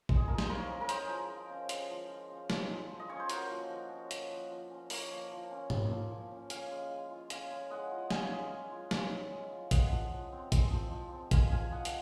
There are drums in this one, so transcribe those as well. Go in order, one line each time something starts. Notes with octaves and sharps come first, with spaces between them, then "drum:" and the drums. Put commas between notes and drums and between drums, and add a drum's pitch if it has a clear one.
G#3, drum: kick
G#4
F3 A#4
C5, drum: snare
F4 A#4 C#5
C#4
A#4
G#3 G#4 C5, drum: hi-hat
F3
F4
C#4
G#3, drum: hi-hat
F3
F4
C#4
G#3, drum: snare
F3
F4
D#5
C#4 C#5
C5
A#3 F#4 A#4, drum: hi-hat
F3
F3
C#4
A#3, drum: hi-hat
F3
F3
C#4
A#3 A#4 C#5, drum: open hi-hat
F3
F3
C#4
A#3, drum: tom G#2
F3
F3
C#4
C#4 F5 G#5, drum: hi-hat
G#3
G#3
F4
C#4 F5 G#5, drum: hi-hat
G#3
G#3 D#5 F#5
F4
C#4 F5 G#5, drum: snare
G#3
G#3
F4
C#4, drum: snare
G#3
G#3
F4
G#3 D#5 F#5, drum: kick, hi-hat
F3
F3
C4
G#3, drum: kick, hi-hat
F3
F3
C4
G#3 F5 G#5, drum: kick, hi-hat
F3 F5 G#5
F3 D#5 F#5
drum: hi-hat